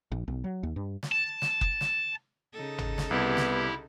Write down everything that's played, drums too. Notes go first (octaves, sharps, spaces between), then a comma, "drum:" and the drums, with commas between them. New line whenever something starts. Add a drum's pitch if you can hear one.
A#1
B1
F#3
D#2
G2
drum: snare
A5
drum: snare
drum: kick F#1
drum: snare
C#3 D#4 A4
drum: tom
drum: snare
C2 B3 E4 G4
drum: snare